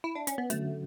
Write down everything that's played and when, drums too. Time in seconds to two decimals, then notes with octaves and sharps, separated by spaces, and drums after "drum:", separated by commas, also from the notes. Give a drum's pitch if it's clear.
0.04 E4
0.15 D4
0.27 C#4, drum: hi-hat
0.38 B3
0.50 D3 F#3 A3 C#4 F#4, drum: hi-hat